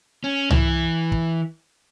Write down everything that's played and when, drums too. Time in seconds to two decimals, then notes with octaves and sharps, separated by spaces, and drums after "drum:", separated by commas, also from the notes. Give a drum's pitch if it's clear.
0.24 C#4
0.51 E3, drum: tom C2
1.12 drum: kick